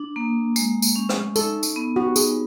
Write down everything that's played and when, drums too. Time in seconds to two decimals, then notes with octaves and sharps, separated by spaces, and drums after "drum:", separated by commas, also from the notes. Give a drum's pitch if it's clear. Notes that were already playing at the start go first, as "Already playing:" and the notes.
Already playing: D4
0.16 A#3
0.56 G#3, drum: tambourine
0.82 drum: tambourine
0.96 C#4
1.09 drum: rim click
1.36 D#4 A4, drum: tambourine
1.63 drum: tambourine
1.76 B3
1.96 F#4
2.07 G4
2.16 D#4 G#4, drum: tambourine